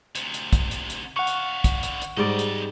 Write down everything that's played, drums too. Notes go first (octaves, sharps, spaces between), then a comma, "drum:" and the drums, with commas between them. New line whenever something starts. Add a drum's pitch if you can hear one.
D2 C3, drum: hi-hat
drum: hi-hat
drum: kick, hi-hat
drum: hi-hat
drum: hi-hat
D3 F5 F#5 C#6
drum: hi-hat
drum: kick, hi-hat
drum: hi-hat
drum: hi-hat
G#2 G3 C4 D5 D#5
drum: hi-hat